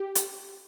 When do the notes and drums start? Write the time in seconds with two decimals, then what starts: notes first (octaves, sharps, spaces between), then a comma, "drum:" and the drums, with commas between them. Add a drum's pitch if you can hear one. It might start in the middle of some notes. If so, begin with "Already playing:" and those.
Already playing: G4
0.15 drum: hi-hat